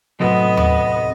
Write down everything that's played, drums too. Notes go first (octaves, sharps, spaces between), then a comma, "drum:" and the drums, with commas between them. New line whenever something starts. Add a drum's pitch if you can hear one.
A2 C3 F#3 B3 C4 A4 D#5
drum: tom D#2